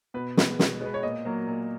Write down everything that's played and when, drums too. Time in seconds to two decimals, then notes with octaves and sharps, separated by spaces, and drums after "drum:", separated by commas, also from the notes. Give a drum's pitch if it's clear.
0.14 B2 B4
0.37 G#3 B3, drum: snare
0.59 B2, drum: snare
0.81 G#3 B3 B4
0.94 C#5
1.03 A#2 D#5
1.25 F#3 A#3
1.47 A#2